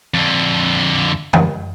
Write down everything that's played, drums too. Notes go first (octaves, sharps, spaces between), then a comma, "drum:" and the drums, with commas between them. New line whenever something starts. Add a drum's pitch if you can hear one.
F2 D3
drum: tom